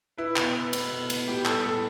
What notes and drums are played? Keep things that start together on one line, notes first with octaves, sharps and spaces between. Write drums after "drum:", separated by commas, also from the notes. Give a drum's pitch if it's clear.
E4 B4
B2, drum: clap
B4
B3, drum: cymbal
B2
B3, drum: cymbal
A2 G4
G3 A4, drum: clap
A2 A4